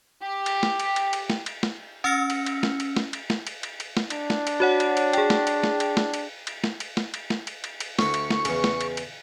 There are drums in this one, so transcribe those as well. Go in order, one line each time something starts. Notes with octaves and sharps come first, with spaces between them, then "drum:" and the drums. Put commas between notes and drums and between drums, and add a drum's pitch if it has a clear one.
G4
drum: cymbal
drum: snare
drum: cymbal
drum: cymbal
drum: cymbal
drum: snare
drum: cymbal
drum: snare
C#4 E6 F6 A#6 C#7
drum: cymbal
drum: cymbal
drum: snare
drum: cymbal
drum: snare
drum: cymbal
drum: snare
drum: cymbal
drum: cymbal
drum: cymbal
drum: snare
D4, drum: cymbal
drum: snare
drum: cymbal
F#4 C#5 F#5
drum: cymbal
drum: cymbal
G#4 G5, drum: cymbal
drum: snare
drum: cymbal
drum: snare
drum: cymbal
drum: snare
drum: cymbal
drum: cymbal
drum: snare
drum: cymbal
drum: snare
drum: cymbal
drum: snare
drum: cymbal
drum: cymbal
drum: cymbal
D2 E5 C#6, drum: snare
drum: cymbal
drum: snare
E2 C#3, drum: cymbal
drum: snare
drum: cymbal
drum: cymbal